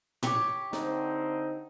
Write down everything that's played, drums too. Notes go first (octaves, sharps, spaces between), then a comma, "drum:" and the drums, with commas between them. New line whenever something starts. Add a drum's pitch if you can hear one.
G4 C#5 C#6, drum: tom A2
D3 C4 D#4, drum: snare